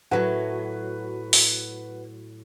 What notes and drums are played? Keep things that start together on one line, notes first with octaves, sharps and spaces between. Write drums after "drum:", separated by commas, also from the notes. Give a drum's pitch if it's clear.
A2 F#3 B4 F#5
drum: open hi-hat